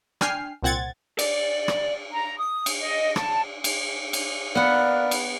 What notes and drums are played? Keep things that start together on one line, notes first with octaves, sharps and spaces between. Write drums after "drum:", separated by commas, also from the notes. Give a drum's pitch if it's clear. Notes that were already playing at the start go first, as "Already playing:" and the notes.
D4 G5 G#5 F6 C7, drum: rim click
C2 A#2 C4 F#5 G#6 A6
D5, drum: cymbal
drum: rim click
A#5
D#6
drum: cymbal
D#5
A5, drum: rim click
drum: cymbal
drum: cymbal
A#3 B3 D5 F5 F#5 B5
drum: cymbal